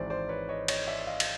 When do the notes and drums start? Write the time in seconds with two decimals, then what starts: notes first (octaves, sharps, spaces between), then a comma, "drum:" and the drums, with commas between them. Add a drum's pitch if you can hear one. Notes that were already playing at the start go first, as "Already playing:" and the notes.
Already playing: G#1 G#2 E3 G#3 C5 D5
0.10 C5 D5
0.29 B4 C#5
0.49 C#5 D#5
0.68 C#5 D#5, drum: cymbal
0.87 D5 E5
1.07 D#5 F5
1.20 drum: cymbal